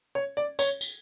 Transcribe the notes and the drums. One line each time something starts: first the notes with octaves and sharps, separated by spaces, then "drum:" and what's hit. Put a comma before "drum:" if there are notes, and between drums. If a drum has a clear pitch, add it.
C#5
D5
C#5, drum: tambourine
drum: tambourine